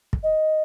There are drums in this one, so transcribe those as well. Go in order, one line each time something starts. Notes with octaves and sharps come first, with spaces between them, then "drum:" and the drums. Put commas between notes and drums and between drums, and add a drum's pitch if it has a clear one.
drum: kick
D#5